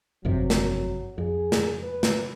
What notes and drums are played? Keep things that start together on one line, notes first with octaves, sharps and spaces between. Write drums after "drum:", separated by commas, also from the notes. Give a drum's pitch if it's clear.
G1 F2 C3 F#3
drum: snare
F2 G#4
drum: snare
B4
drum: snare